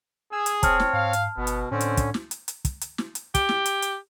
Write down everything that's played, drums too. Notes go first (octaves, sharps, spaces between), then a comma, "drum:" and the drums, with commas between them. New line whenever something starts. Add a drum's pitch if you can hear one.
G#4 G#5 E6
drum: hi-hat
E1 C4 C#5 A5 F6, drum: kick, hi-hat
drum: snare
G#2 F5
drum: hi-hat
G1 B2 B3
drum: hi-hat
A2 D3 C4 C#4
drum: hi-hat
drum: kick, hi-hat
drum: snare
drum: hi-hat
drum: hi-hat
drum: kick, hi-hat
drum: hi-hat
drum: snare
drum: hi-hat
G4, drum: kick, hi-hat
drum: snare
drum: hi-hat
drum: hi-hat